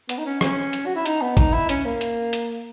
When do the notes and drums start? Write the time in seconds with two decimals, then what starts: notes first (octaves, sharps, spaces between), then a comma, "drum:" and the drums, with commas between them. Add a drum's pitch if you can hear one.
0.09 B3, drum: hi-hat
0.18 D#4
0.25 C#4
0.41 C#4, drum: rim click
0.73 drum: hi-hat
0.86 F#4
0.95 E4
1.06 D#4, drum: hi-hat
1.21 B3
1.37 D#4, drum: kick, hi-hat
1.53 E4
1.69 C#4, drum: hi-hat
1.85 A#3
2.01 drum: hi-hat
2.33 drum: hi-hat